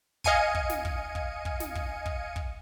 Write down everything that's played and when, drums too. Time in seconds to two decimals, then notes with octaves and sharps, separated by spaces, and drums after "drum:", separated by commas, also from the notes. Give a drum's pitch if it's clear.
0.24 D#5 F5 G#5 C#7 D#7, drum: kick
0.55 drum: kick
0.70 drum: snare
0.85 drum: kick
1.15 drum: kick
1.45 drum: kick
1.60 drum: snare
1.75 drum: kick
2.06 drum: kick
2.36 drum: kick